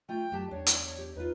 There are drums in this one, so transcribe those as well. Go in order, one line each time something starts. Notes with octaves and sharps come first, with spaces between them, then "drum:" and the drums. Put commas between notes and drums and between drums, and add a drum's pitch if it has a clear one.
A3 F4 G5
F#2 F#3 G4 A5
E2 D4 C#5
drum: hi-hat
G4
E2 D#4 F4 B4